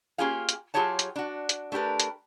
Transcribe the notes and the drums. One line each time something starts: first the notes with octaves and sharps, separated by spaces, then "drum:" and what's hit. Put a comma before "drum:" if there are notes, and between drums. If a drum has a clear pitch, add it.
A#3 C#4 F4 G4 G#4 F5
drum: hi-hat
F#3 F4 G4 G#4 C#5 A5
drum: hi-hat
D4 F#4
drum: hi-hat
A3 D4 G4 A#4 B4
drum: hi-hat